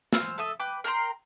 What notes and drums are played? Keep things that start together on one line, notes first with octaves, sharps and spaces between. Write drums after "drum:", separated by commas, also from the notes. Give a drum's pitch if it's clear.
C5 G#5 E6 F6, drum: snare
A4 E5 D#6
B4 G5 D6
A#4 G5 A#5 C6